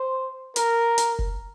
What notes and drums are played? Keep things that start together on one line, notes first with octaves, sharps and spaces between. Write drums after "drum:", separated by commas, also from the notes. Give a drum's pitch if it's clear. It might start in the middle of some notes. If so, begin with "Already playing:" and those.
Already playing: C5
A#4, drum: hi-hat
drum: hi-hat
drum: kick F1